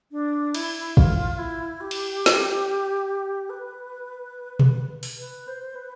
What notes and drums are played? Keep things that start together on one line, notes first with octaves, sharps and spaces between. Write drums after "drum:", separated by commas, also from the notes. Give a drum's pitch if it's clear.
D4
E4, drum: cymbal
F4, drum: kick
E4
G4
drum: cymbal
drum: snare
B4
drum: tom B2
drum: open hi-hat
B4
C5
B4